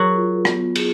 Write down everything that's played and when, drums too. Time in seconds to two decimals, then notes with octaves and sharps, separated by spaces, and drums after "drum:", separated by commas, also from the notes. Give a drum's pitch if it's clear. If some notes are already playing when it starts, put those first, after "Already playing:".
Already playing: F#3 F#4 G#4 A#4
0.15 F4
0.45 B3, drum: rim click
0.75 G#4, drum: cymbal